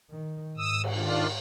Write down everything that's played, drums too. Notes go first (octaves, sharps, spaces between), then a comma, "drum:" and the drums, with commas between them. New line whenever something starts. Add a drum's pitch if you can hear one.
D#3
G#2 D#6 E6
drum: cymbal
D#3 D4 F4